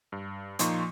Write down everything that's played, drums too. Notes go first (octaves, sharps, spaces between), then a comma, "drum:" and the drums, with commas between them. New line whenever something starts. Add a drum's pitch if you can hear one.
G2
A#2 F3 D#4 C6 C#6, drum: hi-hat